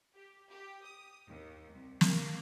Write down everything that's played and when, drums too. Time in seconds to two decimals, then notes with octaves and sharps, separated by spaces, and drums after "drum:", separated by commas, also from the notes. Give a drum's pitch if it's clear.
0.15 G4
0.51 G4
0.84 D#6
1.27 D#2
1.72 C2
2.01 A#3, drum: snare